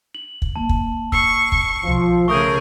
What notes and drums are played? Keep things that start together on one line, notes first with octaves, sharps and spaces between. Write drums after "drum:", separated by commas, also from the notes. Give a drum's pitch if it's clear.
F#7
drum: kick
A#3 A5
drum: kick
C#6 E6 C7, drum: kick
drum: kick
B1 D#3 F3
C#3 A3 G#4 A#4 C#6 D#6 G6